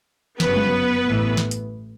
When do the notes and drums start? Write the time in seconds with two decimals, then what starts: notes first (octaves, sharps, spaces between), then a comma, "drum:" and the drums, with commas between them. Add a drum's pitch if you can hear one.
0.40 G1 F#2 C#3 F#3 B3 B4, drum: snare
0.57 drum: tom G3
1.07 A1 A2 E3
1.37 drum: snare
1.51 drum: hi-hat